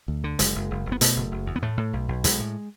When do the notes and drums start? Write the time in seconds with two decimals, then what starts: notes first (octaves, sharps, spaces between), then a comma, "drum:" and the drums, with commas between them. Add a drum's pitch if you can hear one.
0.08 D2
0.24 D3
0.39 F#1 G#3, drum: hi-hat
0.55 F#1
0.71 F#1
0.86 F#1
0.92 B3
1.01 B2 A3, drum: hi-hat
1.16 F#1
1.32 F#1
1.47 E2
1.56 B3
1.62 A2 A3
1.77 A2
1.93 B1
2.08 B1
2.24 B1 G#3, drum: hi-hat
2.39 A2